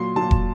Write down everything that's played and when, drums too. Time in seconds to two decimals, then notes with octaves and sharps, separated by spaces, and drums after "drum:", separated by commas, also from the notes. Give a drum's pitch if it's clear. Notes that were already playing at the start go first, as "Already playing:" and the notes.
Already playing: A#2 F#3 C6
0.16 A#2 F#3 A5
0.31 drum: kick E1